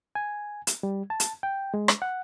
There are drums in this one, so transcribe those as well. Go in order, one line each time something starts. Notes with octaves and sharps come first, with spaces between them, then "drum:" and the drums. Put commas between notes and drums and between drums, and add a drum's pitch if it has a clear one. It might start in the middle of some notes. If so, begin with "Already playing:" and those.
G#5
drum: hi-hat
G3
A5
drum: hi-hat
G5
G#3
drum: rim click
F#5